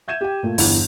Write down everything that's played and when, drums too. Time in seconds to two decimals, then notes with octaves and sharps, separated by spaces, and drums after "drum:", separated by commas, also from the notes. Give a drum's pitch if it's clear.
0.08 E5 G6 G#6 D#7 E7
0.21 G4 G5
0.43 A#2 A3 A#3
0.58 G1 E2 E3, drum: open hi-hat